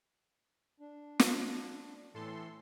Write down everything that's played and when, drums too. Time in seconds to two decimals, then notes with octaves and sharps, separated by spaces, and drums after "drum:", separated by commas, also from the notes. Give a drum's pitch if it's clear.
0.80 D4
1.19 drum: snare
2.14 A2 E3 A4 C6